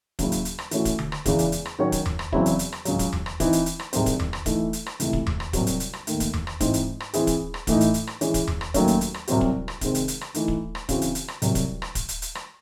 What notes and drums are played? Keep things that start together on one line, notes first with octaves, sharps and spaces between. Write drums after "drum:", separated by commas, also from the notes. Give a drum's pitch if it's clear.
D#2 C#3 F#3 C#4 E4, drum: kick, hi-hat
drum: hi-hat
drum: hi-hat
drum: rim click
E3 A3 C#4 F#4, drum: hi-hat
drum: kick, hi-hat
drum: tom D3
drum: rim click
E2 C#3 E3 G#3, drum: kick, hi-hat
drum: hi-hat
drum: hi-hat
drum: rim click
D#3 F#3 C#4 F#4 C#5
drum: kick, hi-hat
drum: tom E2
drum: rim click
E2 C#3 F#3 C4 E4, drum: kick
drum: hi-hat
drum: hi-hat
drum: rim click
C#2 C#3 F#3, drum: hi-hat
drum: kick, hi-hat
drum: tom E2
drum: rim click
E3 C4 D#4, drum: kick, hi-hat
drum: hi-hat
drum: hi-hat
drum: rim click
C2 C3 D#3 G#3 C4, drum: hi-hat
drum: kick, hi-hat
drum: tom E2
drum: rim click
E3 A3 D#4, drum: kick, hi-hat
drum: hi-hat
drum: rim click
C#2 C3 E3 A3, drum: hi-hat
drum: kick
drum: tom E2
drum: rim click
C2 C3 F#3 C4 F#4, drum: kick, hi-hat
drum: hi-hat
drum: hi-hat
drum: rim click
D#2 D#3 A3, drum: hi-hat
drum: kick, hi-hat
drum: tom E2
drum: rim click
G#2 E3 C4 D#4, drum: kick, hi-hat
drum: hi-hat
drum: rim click
E3 C4 E4 G#4, drum: hi-hat
drum: kick, hi-hat
drum: rim click
A2 E3 A3 D#4, drum: kick, hi-hat
drum: hi-hat
drum: hi-hat
drum: rim click
E3 G#3 C#4, drum: hi-hat
drum: kick, hi-hat
drum: tom E2
drum: rim click
D#2 D#3 F#3 A3 C#4, drum: kick, hi-hat
drum: hi-hat
drum: hi-hat
drum: rim click
C2 C3 F#3 C4 F#4, drum: hi-hat
drum: kick
drum: rim click
C3 D#3 G#3 C4, drum: kick, hi-hat
drum: hi-hat
drum: hi-hat
drum: rim click
E3 A3 D#4, drum: hi-hat
drum: kick
drum: rim click
C#3 E3 C4 F#4, drum: kick, hi-hat
drum: hi-hat
drum: hi-hat
drum: rim click
C2 C3 F#3, drum: hi-hat
drum: kick, hi-hat
drum: rim click
drum: kick, hi-hat
drum: hi-hat
drum: hi-hat
drum: rim click